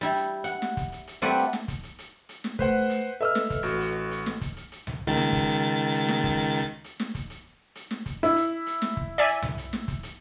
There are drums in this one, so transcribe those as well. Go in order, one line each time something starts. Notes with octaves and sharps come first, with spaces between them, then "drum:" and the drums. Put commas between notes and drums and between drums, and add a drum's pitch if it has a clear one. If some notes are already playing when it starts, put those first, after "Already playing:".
G3 E4, drum: hi-hat
drum: hi-hat
F#5, drum: hi-hat
drum: snare
drum: kick, hi-hat
drum: hi-hat
drum: hi-hat
G3 A3 C4 B4 D5 F#5
drum: hi-hat
drum: snare
drum: kick, hi-hat
drum: hi-hat
drum: hi-hat
drum: hi-hat
drum: snare
A3 B4 C5 F#5, drum: kick
drum: hi-hat
A4 B4 D#5 E5 E6 F6
drum: snare
drum: kick, hi-hat
A1 F#4, drum: hi-hat
drum: hi-hat
drum: hi-hat
drum: snare
drum: kick, hi-hat
drum: hi-hat
drum: hi-hat
drum: tom C2
C#2 D#3 A6
drum: snare
drum: kick, hi-hat
drum: hi-hat
drum: hi-hat
drum: snare
drum: kick, hi-hat
drum: hi-hat
drum: hi-hat
drum: hi-hat
drum: snare
drum: kick, hi-hat
drum: hi-hat
drum: hi-hat
drum: snare
drum: kick, hi-hat
E4, drum: hi-hat
drum: hi-hat
drum: hi-hat
drum: snare
drum: kick
D5 E5 G#5
drum: hi-hat
drum: tom C2
drum: hi-hat
drum: snare
drum: kick, hi-hat
drum: hi-hat